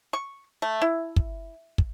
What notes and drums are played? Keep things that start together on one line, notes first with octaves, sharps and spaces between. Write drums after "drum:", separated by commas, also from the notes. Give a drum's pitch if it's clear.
C#6
A3
E4
drum: kick
drum: kick